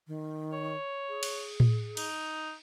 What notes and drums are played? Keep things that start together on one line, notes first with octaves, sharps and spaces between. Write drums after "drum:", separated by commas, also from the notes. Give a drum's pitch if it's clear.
D#3
C#5
G#4
drum: cymbal
drum: tom A2
D#4, drum: cymbal